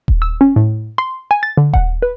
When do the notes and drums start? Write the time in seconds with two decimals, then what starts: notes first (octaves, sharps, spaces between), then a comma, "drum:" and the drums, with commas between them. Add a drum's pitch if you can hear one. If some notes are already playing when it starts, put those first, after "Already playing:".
0.08 drum: kick D#1
0.22 E6
0.41 C#4
0.56 A2
0.98 C6
1.31 G#5
1.43 A6
1.57 D3
1.74 F#5, drum: kick D#1
2.02 B4